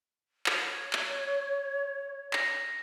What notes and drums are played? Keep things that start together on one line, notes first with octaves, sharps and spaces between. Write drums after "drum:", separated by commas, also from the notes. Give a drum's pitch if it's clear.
drum: clap
C#5
drum: clap
A#6, drum: clap